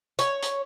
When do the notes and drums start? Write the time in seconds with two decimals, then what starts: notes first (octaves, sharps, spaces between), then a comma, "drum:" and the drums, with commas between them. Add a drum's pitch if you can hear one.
0.19 C#5, drum: hi-hat
0.43 drum: hi-hat